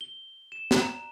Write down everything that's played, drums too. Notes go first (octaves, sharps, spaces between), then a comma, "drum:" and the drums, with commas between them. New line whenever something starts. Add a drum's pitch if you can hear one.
G7
E7
drum: snare
A#5